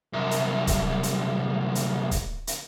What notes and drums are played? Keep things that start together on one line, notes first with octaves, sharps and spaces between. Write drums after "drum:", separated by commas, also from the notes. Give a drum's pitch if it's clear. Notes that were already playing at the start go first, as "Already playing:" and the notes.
C2 F#2
drum: hi-hat
drum: kick, hi-hat
drum: hi-hat
drum: hi-hat
drum: kick, hi-hat
drum: hi-hat